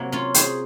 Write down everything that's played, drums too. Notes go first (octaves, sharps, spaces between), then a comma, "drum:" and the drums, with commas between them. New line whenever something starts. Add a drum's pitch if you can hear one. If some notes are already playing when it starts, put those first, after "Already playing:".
Already playing: C3 F#3 A#3
C#4 F4
G#4 C5, drum: hi-hat